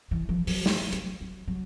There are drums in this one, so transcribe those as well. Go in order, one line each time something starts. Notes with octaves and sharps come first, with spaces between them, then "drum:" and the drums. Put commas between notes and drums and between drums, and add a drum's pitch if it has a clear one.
E3
F3
F#3, drum: open hi-hat
F3, drum: snare
F#3, drum: hi-hat
F#3
F#3